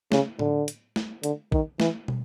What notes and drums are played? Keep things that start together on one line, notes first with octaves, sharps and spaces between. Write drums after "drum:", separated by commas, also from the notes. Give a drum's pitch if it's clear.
C#3, drum: snare
D3, drum: tom A2
drum: hi-hat
drum: snare
D3, drum: hi-hat
D#3, drum: kick
E3, drum: snare
drum: tom